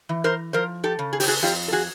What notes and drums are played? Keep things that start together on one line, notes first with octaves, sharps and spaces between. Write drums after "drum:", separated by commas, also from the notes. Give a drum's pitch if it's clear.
E3
A#4 C5
F3 A#4 C5
G4 A4
C#3
G#4
G4, drum: open hi-hat
F#4 G#4
F2 F4 G4
A4
F#4 G#4